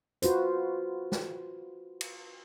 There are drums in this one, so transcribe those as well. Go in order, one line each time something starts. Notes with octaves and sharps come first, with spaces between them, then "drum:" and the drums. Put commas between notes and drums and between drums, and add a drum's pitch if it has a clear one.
F4 F#4 B4 C5, drum: hi-hat
drum: snare
drum: cymbal